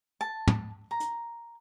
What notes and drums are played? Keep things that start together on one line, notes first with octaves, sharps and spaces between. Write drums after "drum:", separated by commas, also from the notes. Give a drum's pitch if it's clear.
A5
drum: tom
A#5
drum: hi-hat